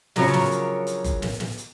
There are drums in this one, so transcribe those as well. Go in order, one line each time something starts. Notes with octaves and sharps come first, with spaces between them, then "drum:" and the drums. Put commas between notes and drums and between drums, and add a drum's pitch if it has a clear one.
C#3 F3 F#3 D4 A#4 C#5, drum: snare
drum: snare
drum: hi-hat
drum: hi-hat
drum: kick F#1, hi-hat
drum: snare
drum: snare
drum: hi-hat